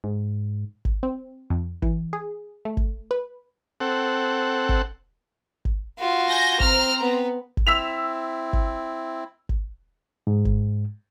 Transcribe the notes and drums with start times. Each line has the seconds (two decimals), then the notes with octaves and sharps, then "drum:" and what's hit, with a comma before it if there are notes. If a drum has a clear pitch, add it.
0.04 G#2
0.85 drum: kick G1
1.03 C4
1.50 F2
1.82 E3, drum: kick G1
2.13 G#4
2.65 A3
2.77 drum: kick G1
3.11 B4
3.80 C4 A4 F#5
4.69 drum: kick G1
5.65 drum: kick G1
5.99 F4 F#4
6.28 G#5 G6 A#6
6.60 C4 A#5 F6, drum: kick G1
7.01 B3
7.57 drum: kick G1
7.67 C4 E4 E6 B6 F7
8.53 drum: kick G1
9.49 drum: kick G1
10.27 G#2
10.45 drum: kick G1